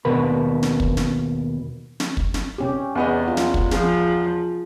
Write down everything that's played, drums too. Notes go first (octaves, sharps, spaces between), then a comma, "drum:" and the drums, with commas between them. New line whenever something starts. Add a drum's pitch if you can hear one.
D#2 B2 A#4 B4 B5
drum: snare
drum: kick
drum: snare
drum: snare
drum: kick
drum: snare
C3 C#4 G4
E2 B3 D#5
F4
drum: snare
drum: kick
F3 G#4, drum: snare